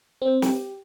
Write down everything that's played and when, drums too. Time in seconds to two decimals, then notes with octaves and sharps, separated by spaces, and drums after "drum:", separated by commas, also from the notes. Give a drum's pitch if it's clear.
0.22 C4
0.42 G4, drum: snare